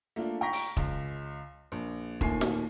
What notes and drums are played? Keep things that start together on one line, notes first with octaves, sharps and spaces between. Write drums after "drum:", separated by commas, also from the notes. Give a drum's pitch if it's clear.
A3 A#3 D4 F4
G5 A#5 C#6 A#6 B6
drum: open hi-hat
C#2, drum: kick
A#1
D#2 A#2 A3 G#5 C7, drum: kick
drum: snare